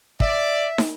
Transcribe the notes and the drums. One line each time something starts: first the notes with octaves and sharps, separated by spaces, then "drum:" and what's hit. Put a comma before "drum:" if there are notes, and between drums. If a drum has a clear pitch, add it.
D5 E5, drum: kick
drum: snare